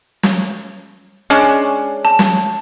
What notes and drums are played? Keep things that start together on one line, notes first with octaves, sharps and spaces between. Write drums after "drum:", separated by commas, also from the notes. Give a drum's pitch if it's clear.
drum: snare
G#3 C#4 D4
A5
drum: snare